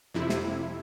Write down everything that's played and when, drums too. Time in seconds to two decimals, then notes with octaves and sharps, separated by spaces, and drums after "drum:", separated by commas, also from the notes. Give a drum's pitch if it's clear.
0.14 F2 C3 E4
0.29 drum: snare